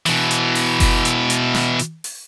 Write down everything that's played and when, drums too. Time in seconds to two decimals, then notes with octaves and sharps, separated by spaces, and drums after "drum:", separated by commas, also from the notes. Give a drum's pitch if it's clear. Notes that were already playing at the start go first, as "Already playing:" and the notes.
0.06 B2 E3, drum: open hi-hat
0.31 drum: hi-hat
0.55 drum: open hi-hat
0.80 drum: kick F#1, open hi-hat
1.05 drum: hi-hat
1.30 drum: hi-hat
1.54 drum: snare
1.79 drum: hi-hat
2.04 drum: open hi-hat